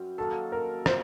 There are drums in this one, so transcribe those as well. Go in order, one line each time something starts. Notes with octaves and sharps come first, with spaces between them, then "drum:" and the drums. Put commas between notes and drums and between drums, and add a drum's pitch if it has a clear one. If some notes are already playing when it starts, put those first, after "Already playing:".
Already playing: F#2 G3 C4
D#3 F#3 A#3 A4
A#4
A#2 G3 A#3 F#4 C5, drum: rim click